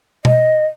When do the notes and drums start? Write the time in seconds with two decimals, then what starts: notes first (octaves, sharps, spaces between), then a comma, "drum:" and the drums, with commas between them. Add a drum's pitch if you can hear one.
0.25 D#5, drum: tom B2